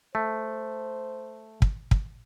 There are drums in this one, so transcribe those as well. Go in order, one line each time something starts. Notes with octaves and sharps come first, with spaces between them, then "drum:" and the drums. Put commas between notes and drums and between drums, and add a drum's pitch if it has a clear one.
A3 C5
drum: kick
drum: kick